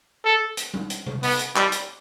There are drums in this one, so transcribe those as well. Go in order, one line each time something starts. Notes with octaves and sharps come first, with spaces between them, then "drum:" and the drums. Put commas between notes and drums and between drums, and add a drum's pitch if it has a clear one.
A4
drum: hi-hat
drum: tom G3
drum: hi-hat
drum: tom C3
B3, drum: open hi-hat
drum: hi-hat
G3, drum: clap
drum: hi-hat